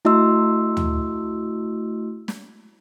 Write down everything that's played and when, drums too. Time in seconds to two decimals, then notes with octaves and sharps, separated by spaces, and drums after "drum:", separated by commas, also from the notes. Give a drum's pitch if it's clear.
0.05 A3 E4 F#4 D#5 C6 E6
0.77 drum: tom
2.28 drum: snare